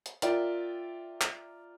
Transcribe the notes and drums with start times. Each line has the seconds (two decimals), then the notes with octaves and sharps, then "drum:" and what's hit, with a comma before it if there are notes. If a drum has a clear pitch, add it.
0.06 drum: hi-hat
0.22 F4 A#4 D5 E5 G5, drum: hi-hat
1.21 drum: clap